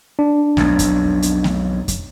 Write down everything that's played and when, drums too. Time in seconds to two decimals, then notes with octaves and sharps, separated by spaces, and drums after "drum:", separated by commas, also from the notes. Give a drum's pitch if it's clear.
0.19 D4
0.57 B1 F2, drum: snare A3
0.79 drum: kick F2, hi-hat
1.22 drum: hi-hat
1.44 drum: snare A3
1.88 drum: kick F2, hi-hat